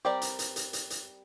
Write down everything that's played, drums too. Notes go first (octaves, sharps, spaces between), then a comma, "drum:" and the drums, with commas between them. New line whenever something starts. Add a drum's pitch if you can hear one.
G3 C4 G4 A#4 D5
drum: hi-hat
drum: hi-hat
drum: hi-hat
drum: hi-hat
drum: hi-hat